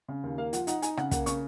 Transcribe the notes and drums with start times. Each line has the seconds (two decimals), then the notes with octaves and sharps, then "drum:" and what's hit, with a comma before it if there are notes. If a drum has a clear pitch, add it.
0.09 C#3
0.23 D#2
0.38 A#3 F5
0.53 F3 F#5, drum: hi-hat
0.67 D#4 F#5, drum: hi-hat
0.82 D#4 G#5, drum: hi-hat
0.97 C#3 F#5, drum: rim click
1.11 A#3 F#5, drum: kick, hi-hat
1.26 C#3 C#6, drum: hi-hat